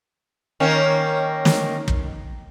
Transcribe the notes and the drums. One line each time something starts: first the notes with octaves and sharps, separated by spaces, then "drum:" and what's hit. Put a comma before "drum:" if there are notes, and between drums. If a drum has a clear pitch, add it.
D#3 A#3 C#4
drum: snare
drum: kick